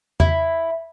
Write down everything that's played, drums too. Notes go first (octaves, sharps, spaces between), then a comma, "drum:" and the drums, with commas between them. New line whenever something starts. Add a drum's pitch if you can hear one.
E4, drum: tom E2